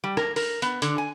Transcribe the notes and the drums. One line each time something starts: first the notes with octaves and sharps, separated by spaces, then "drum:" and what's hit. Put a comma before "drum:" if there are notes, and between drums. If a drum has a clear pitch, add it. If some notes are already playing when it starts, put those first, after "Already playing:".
G3
A#4, drum: rim click
A#4, drum: open hi-hat
B3, drum: hi-hat
D3, drum: hi-hat
G#5